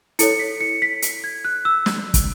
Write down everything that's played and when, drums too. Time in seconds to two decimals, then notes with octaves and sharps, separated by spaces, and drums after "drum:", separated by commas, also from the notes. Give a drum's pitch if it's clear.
0.19 E4 A4 C#5 C#7, drum: hi-hat
0.39 B6
0.61 C#7
0.82 B6
1.02 drum: hi-hat
1.24 G#6
1.45 F#6
1.65 E6
1.86 drum: snare
2.14 drum: kick, hi-hat